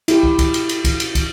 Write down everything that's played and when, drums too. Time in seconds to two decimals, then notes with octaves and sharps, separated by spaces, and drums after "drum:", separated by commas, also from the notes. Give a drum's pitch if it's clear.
0.08 E4 G4, drum: cymbal
0.23 drum: kick
0.39 drum: kick, cymbal
0.54 drum: cymbal
0.69 drum: cymbal
0.85 drum: kick, cymbal
1.00 drum: cymbal
1.15 drum: kick, cymbal